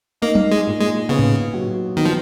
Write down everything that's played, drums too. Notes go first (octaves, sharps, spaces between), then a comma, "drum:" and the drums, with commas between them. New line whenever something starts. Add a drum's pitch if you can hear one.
A#3 D#4
drum: tom
G#3
A#2
G#3
C#3 B3
drum: tom G#2
F#3
D#3 B3
F3